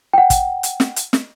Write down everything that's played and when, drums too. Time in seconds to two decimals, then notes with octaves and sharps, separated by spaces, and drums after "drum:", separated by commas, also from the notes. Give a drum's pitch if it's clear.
0.13 F#5 G5
0.30 drum: kick, hi-hat
0.63 drum: hi-hat
0.80 drum: snare
0.96 drum: hi-hat
1.13 drum: snare